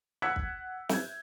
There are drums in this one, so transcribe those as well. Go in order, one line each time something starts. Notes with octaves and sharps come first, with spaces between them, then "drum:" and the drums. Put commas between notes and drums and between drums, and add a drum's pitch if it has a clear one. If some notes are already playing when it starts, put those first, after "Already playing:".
F#5 E6 F#6 G#6 B6 C#7
drum: kick
E5 G6 G#6, drum: snare